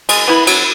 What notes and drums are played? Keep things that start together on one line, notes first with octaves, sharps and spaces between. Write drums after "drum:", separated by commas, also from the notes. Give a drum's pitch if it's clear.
G#3, drum: cymbal
B3 E4 B4
F#3, drum: cymbal